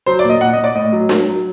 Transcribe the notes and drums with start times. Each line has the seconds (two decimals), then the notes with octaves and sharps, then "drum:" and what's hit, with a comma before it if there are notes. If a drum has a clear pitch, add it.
0.06 F#3 C5
0.19 D5
0.24 A#2
0.29 D#5
0.41 A#2 F#5
0.53 D#5
0.58 A#2
0.64 D5
0.75 A2 D#5
0.92 F#3
1.09 F#3, drum: snare
1.27 F#3